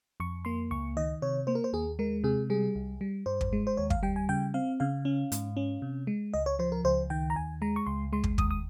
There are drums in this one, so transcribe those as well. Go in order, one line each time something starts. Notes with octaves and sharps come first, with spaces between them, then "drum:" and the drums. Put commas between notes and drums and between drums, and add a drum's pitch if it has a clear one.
F2 C#6
A#3 C6
C#2 C#6
D#3 D#5
C3 C#5
A#3 C5
A#4
C5
D#2 G#4
G#3 A#4
C3 G#4
G3 G#4
C2
G3
G2 C5
drum: kick
G#3
C5
D#2 C#5
F5, drum: kick
G3 G5
G#5
C#3 G5
C4 F5
C#3 F5
C#4
G#2, drum: hi-hat
C#4
C3
G#3
C#2 D#5
C#5
F3 C5
A#4
C#2 C5
D#3 G5
A#5
D#2 G#5
G#3 A#5
C#6
C#2 C6
G#3 C6
drum: kick
D#2 D#6, drum: kick
D#6